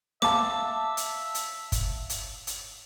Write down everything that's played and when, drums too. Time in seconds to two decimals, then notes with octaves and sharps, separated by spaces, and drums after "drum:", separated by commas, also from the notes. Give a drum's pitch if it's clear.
0.22 E5 F5 A5 D6, drum: snare
0.97 drum: hi-hat
1.35 drum: hi-hat
1.72 drum: kick, hi-hat
2.10 drum: hi-hat
2.47 drum: hi-hat